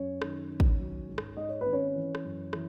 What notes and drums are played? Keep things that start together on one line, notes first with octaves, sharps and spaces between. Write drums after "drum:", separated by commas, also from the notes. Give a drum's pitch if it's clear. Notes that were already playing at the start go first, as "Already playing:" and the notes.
Already playing: F#2 C#4 C#5
D#3, drum: rim click
D#3
drum: kick
F#3
G#2
drum: rim click
G#2 D#5
C#5
G#1 B4
C#4 C#5
E3
drum: rim click
F#2
E3, drum: rim click